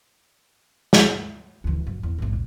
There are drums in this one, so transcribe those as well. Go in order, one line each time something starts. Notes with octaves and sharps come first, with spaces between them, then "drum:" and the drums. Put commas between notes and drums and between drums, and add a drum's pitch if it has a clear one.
drum: snare
D2 E3
F#2
E2
A#1 G#2
D#2